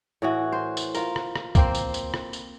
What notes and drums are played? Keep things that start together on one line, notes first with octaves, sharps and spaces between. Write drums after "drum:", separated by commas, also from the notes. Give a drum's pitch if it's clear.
A2 E3 F#4
C5
drum: tambourine
F4 A#4, drum: tambourine
drum: rim click
drum: rim click
A#3 C4 C5, drum: kick, tambourine
drum: tambourine
drum: tambourine
drum: rim click
drum: tambourine